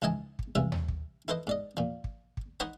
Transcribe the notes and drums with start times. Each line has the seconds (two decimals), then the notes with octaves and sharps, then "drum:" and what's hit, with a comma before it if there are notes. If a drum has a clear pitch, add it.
0.02 C#2 G#2 E4 D#5 G#5 A5
0.39 drum: kick
0.55 C2 C3 E3 F4 E5
0.72 drum: tom D#2
0.88 drum: kick
1.28 E4 A4 B4 C5 D#5
1.47 G#2 D5 D#5
1.77 A#2 F3
2.04 drum: kick
2.37 drum: kick
2.60 D#4 C5 C#5 D#5 F#5 B5